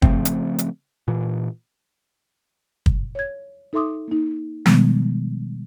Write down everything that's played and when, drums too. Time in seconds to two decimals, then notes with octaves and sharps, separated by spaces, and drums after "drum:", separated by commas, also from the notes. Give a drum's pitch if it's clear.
0.02 C#3 F3 A3 C4, drum: kick
0.25 drum: hi-hat
0.59 drum: hi-hat
1.08 A#2 E3
2.86 drum: kick
3.15 C#5 G#6
3.73 D#4 A4 E5 C6 D6 D#6
4.08 A#3 D#4
4.66 B2 D#3 F3 G3 G#3 B3, drum: snare